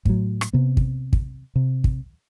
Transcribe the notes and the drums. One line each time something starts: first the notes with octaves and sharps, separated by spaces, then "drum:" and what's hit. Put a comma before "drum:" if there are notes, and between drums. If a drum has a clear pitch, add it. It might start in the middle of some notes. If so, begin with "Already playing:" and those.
A2 F#3, drum: kick
drum: rim click
C3 B3
drum: kick
drum: kick
C3
drum: kick